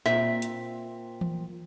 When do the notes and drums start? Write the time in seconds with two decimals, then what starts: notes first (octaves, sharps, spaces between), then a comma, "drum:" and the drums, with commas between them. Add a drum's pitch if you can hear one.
0.06 A#2 C4 E5, drum: snare
0.42 drum: hi-hat
1.21 drum: tom E3